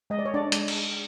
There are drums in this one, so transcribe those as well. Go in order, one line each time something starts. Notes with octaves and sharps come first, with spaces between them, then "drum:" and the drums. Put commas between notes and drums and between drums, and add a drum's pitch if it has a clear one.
G#3 D#5
D5
C#5
D4 D5
G#3, drum: hi-hat
drum: cymbal